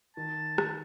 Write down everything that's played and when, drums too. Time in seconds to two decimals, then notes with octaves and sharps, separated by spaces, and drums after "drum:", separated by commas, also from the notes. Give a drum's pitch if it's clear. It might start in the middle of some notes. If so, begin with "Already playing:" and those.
0.17 D#3 A5
0.58 drum: rim click